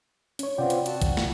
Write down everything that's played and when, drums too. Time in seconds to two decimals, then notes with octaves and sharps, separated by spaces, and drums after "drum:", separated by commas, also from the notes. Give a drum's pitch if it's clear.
0.39 C#4 C#5, drum: hi-hat
0.58 C3 B3 C4 F4 D5 G5
0.70 drum: hi-hat
0.86 F#4 A5, drum: hi-hat
1.02 drum: kick, hi-hat
1.17 drum: snare